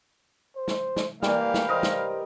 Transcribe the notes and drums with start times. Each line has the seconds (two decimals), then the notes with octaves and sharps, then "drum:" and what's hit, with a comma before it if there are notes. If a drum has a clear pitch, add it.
0.57 C5
0.68 drum: snare
0.96 drum: snare
1.23 E3 G3 A#3 G4 F5, drum: snare
1.54 drum: snare
1.69 A#4 C5 D#5
1.83 drum: snare